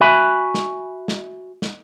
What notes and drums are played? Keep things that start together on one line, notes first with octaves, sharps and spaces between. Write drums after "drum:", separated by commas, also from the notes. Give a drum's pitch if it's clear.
F#4 E5 G#5 B5
drum: snare
drum: snare
drum: snare